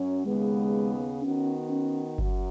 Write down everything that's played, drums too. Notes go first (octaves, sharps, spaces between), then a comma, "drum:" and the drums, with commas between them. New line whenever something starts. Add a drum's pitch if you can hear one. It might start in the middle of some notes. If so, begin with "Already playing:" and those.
Already playing: F#2 F#3 C#4
D#2 C#3 G#3 B3
D#3 B3 C#4 F#4
C#4
F#2 F#3, drum: kick G1